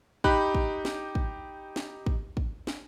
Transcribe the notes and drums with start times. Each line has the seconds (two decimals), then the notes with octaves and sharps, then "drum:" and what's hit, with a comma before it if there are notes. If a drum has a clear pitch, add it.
0.24 D#4 G4 B5 F#6, drum: kick
0.54 drum: kick
0.85 drum: snare
1.15 drum: kick
1.76 drum: snare
2.06 drum: kick
2.37 drum: kick
2.67 drum: snare